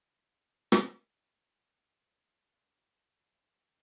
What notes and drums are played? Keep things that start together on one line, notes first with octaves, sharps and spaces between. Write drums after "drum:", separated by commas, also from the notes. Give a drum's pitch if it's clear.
A#2 D3
drum: rim click
D#5
E3
E4